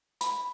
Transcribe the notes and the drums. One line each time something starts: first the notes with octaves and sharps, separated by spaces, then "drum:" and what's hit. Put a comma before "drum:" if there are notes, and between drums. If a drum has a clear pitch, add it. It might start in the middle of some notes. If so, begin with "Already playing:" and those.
B5, drum: hi-hat